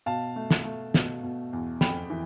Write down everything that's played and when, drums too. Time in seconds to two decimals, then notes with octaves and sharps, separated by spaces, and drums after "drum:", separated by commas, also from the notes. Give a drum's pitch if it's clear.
0.06 B2 F5 A5
0.36 A3
0.51 drum: snare
0.65 A3
0.94 B2, drum: snare
1.23 B2
1.53 E2
1.81 F2 G5 B5, drum: snare
2.10 E3